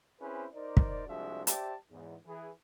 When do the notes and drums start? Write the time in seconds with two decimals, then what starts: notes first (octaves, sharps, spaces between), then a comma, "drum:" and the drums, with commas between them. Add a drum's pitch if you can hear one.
0.20 C4 C#4 E4 G#4 B4 C5
0.54 D#4 A#4 C5 D5
0.77 drum: kick
1.06 C2 F3 G#3 D4 F#4 E5
1.47 G4 C5 D5 E5 G5 A5, drum: hi-hat
1.90 E2 G#2
2.26 E3 G#4